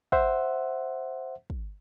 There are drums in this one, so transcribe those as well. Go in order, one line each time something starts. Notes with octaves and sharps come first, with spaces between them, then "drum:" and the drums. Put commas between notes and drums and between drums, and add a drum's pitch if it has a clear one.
C5 E5 F#5, drum: kick
drum: kick